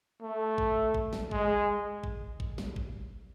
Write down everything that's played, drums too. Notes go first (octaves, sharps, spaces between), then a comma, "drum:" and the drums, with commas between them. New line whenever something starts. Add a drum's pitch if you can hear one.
A3
drum: kick G#1
drum: kick G#1
drum: snare
G#3, drum: kick G#1
drum: kick G#1
drum: kick G#1
drum: snare
drum: kick G#1